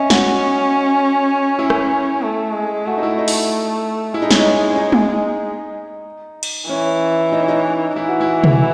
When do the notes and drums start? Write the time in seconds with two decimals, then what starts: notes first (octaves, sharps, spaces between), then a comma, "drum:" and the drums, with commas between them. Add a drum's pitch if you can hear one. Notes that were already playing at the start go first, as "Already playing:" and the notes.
Already playing: C#4 D#5 E5
0.10 F#4, drum: snare
1.59 E4
1.70 drum: rim click
2.22 A3
2.54 G#3
2.86 A3 F#4
2.98 D#4
3.03 E4
3.18 D#4
3.28 drum: open hi-hat
4.13 G#3 E4
4.22 D#4
4.31 C#4, drum: snare
4.39 D#4
4.72 C#4
4.77 D#4
4.92 drum: tom
6.43 drum: cymbal
6.69 E3 C#4
7.32 D#4
7.40 C#4
7.48 D#4
7.96 E3 E4
8.08 F#4
8.20 E4
8.44 drum: tom